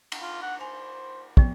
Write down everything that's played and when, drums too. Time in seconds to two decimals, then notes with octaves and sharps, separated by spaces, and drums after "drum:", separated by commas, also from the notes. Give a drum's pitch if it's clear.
0.12 drum: cymbal
0.22 F4
0.42 F#5
0.61 C5 G#5
1.37 F3 B3, drum: kick